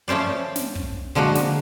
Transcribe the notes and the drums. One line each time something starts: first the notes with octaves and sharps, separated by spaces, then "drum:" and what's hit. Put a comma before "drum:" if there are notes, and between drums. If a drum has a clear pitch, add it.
F3 A3 C#4 C5 D5
drum: snare
drum: kick
D3 F3 G#3 A#3 F#4
drum: snare